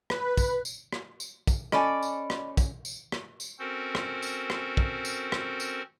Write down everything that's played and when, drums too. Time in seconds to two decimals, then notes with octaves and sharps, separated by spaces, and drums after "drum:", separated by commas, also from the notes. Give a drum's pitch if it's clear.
0.10 B4, drum: rim click
0.38 drum: kick, tambourine
0.65 drum: tambourine
0.92 drum: rim click
1.20 drum: tambourine
1.47 drum: kick, tambourine
1.72 C#4 A4 D5 D#5 G#5 B5, drum: rim click
2.02 drum: tambourine
2.30 drum: rim click
2.57 drum: kick, tambourine
2.85 drum: tambourine
3.12 drum: rim click
3.40 drum: tambourine
3.59 C4 C#4 F#4 A4 A#4 C5
3.95 drum: rim click
4.22 drum: tambourine
4.50 drum: rim click
4.77 drum: kick
5.05 drum: tambourine
5.32 drum: rim click
5.60 drum: tambourine